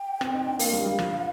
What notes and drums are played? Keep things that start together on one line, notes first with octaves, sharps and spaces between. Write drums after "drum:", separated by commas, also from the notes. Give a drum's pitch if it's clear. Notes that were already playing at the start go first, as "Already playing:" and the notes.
Already playing: G5
C4, drum: rim click
D#4
D4
A#3 F5, drum: open hi-hat
G3
G3
F3, drum: rim click